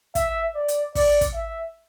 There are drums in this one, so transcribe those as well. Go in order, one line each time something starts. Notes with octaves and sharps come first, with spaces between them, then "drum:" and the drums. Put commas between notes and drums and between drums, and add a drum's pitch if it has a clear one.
E5, drum: kick, hi-hat
D5
drum: hi-hat
D5, drum: kick, open hi-hat
drum: kick, hi-hat
E5